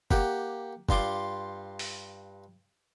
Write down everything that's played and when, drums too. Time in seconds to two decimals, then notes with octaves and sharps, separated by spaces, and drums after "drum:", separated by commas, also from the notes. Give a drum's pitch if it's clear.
0.11 A#3 G4 F#5, drum: kick
0.89 G2 F4 C6 D6, drum: kick
1.79 drum: open hi-hat